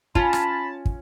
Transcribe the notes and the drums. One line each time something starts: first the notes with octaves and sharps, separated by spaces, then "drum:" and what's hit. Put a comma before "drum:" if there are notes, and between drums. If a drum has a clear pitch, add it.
C#4 F4 A5 B5, drum: kick
drum: rim click
drum: kick